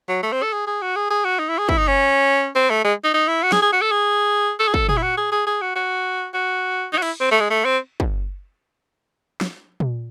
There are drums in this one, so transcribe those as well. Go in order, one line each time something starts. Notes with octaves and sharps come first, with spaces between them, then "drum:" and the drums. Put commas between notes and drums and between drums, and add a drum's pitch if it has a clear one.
F#3
A3
C4
A4
G#4
G#4
F#4
G#4
G#4
F#4
D#4
E4
G#4
E4, drum: kick
D#4
C#4
C4
A3
G#3
D#4
D#4
E4
F#4
G#4, drum: snare
G#4
F#4
A4
G#4
A4
G#4
A4, drum: kick
G#4, drum: tom A#2
E4
F#4
G#4
G#4
G#4
F#4
F#4
F#4
D#4
F#4
E4, drum: cymbal
C4
A3
G#3
A3
C4
drum: kick
drum: snare
drum: tom A#2